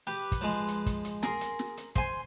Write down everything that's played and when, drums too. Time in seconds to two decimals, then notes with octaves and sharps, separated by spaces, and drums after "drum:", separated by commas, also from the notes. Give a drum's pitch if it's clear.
0.07 G4 B4
0.32 drum: kick, hi-hat
0.41 F3 G#3
0.68 drum: hi-hat
0.86 drum: kick, hi-hat
1.05 drum: hi-hat
1.23 G#4 A#4 C6, drum: snare
1.41 drum: hi-hat
1.59 drum: snare
1.77 drum: hi-hat
1.96 C5 G#5 C6, drum: kick